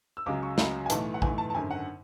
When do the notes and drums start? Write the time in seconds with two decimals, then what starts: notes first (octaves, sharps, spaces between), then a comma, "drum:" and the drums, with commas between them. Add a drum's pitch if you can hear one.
0.17 E6
0.26 C#2 C#3 F#3 D6
0.43 C#6
0.58 C#2 C#3 F#3 B5, drum: snare
0.86 G#5
0.90 B1 A2 E3 A5, drum: hi-hat
1.14 F#5
1.22 B1 A2 E3 G#5, drum: kick A#1
1.38 A5
1.50 A5
1.55 G#1 F#2 D3 G#5
1.71 F#5